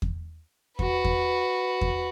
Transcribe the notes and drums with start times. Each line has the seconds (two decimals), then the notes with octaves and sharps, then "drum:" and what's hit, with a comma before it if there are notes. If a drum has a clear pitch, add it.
0.02 drum: kick E2
0.79 F#4 B4, drum: kick E2
1.05 drum: kick E2
1.81 drum: kick E2